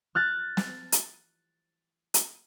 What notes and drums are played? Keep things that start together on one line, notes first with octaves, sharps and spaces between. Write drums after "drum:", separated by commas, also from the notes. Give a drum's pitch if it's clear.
F6 F#6 A6
drum: snare
drum: hi-hat
drum: hi-hat